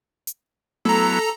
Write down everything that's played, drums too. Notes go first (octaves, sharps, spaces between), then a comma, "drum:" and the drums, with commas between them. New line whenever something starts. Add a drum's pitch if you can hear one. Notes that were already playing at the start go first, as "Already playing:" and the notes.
drum: hi-hat
F#3 B3 E4 A4 A#5, drum: tom A3